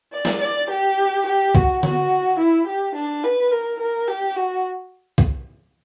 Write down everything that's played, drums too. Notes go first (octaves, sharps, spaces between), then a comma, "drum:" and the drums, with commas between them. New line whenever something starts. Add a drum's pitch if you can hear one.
D5
drum: snare
D5
G4
G4
F#4, drum: kick B1
F#4, drum: tom D3
E4
G4
D4
B4
A#4
A#4
G4
F#4
drum: kick B1